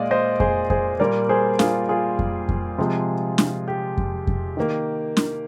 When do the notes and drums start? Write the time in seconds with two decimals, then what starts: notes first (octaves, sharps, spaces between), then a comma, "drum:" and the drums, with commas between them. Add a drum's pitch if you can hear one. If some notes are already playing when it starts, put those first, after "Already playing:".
Already playing: A#2 G#3 D5 D#5 F5
0.11 C5 D#5
0.40 G#4 C5, drum: kick F2
0.70 G#4 C5, drum: kick F2
1.00 A#2 G3 A#3 A#4 D5
1.29 G#4 C5
1.59 F4 G#4, drum: snare
1.89 F4 G#4
2.19 drum: kick F2
2.49 drum: kick F2
2.78 C3 F3 G#3
3.38 drum: snare
3.68 G4
3.98 drum: kick F2
4.27 drum: kick F2
4.57 D#3 A#3
5.17 drum: snare